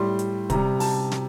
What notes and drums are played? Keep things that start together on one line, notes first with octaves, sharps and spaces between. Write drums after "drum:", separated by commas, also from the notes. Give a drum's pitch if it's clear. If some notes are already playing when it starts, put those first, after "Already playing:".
Already playing: A2 G3 C6
drum: hi-hat
C3 G3 A#5, drum: kick, hi-hat
A5, drum: open hi-hat
drum: snare